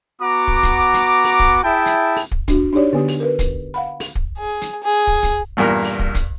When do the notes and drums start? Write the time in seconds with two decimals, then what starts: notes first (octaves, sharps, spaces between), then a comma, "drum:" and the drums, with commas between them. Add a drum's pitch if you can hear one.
0.21 B3 F#4 A#5 D6
0.48 drum: kick
0.63 drum: kick, hi-hat
0.94 drum: hi-hat
1.24 drum: open hi-hat
1.40 drum: kick
1.64 E4 G#4 E5 G5 A5
1.86 drum: hi-hat
2.16 drum: open hi-hat
2.32 drum: kick
2.48 D4 F#4, drum: kick, hi-hat
2.73 D4 D#4 G4 C#5 D5
2.93 D3 B3 G4
3.08 drum: open hi-hat
3.20 A#4 B4
3.39 drum: kick, hi-hat
3.74 F5 F#5 B5
4.00 drum: open hi-hat
4.15 drum: kick
4.38 G#4
4.61 drum: hi-hat
4.83 G#4
5.07 drum: kick
5.23 drum: kick, hi-hat
5.57 E2 G2 A#2 A#4
5.84 drum: open hi-hat
5.99 drum: kick
6.15 drum: kick, hi-hat